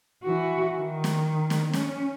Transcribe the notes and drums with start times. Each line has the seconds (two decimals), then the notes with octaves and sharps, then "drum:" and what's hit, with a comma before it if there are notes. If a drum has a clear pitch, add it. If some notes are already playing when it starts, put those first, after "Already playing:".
0.24 E3 F#4
0.78 D#3
1.04 drum: snare
1.50 drum: snare
1.73 C#4, drum: snare